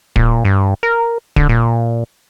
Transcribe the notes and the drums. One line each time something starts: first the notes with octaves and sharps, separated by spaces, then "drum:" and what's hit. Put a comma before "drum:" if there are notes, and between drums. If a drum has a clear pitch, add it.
A#2, drum: kick
G2
A#4
D3, drum: kick
A#2